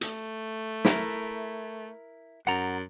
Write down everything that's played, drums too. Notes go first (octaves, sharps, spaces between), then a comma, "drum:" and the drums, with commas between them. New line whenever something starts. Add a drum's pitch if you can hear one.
A3, drum: hi-hat
E4 A#4, drum: snare
F#2 F#5 A#5